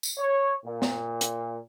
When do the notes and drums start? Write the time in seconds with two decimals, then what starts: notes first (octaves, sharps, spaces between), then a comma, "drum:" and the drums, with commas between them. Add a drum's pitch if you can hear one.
0.03 drum: tambourine
0.18 C#5
0.65 A#2
0.82 drum: snare
1.21 drum: hi-hat